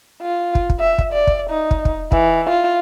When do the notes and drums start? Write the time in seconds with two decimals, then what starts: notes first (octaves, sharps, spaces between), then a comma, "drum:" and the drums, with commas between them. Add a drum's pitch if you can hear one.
0.22 F4
0.55 drum: kick
0.70 drum: kick
0.80 E5
0.98 drum: kick
1.13 D5
1.27 drum: kick
1.50 D#4
1.71 drum: kick
1.85 drum: kick
2.12 E3, drum: kick
2.50 F4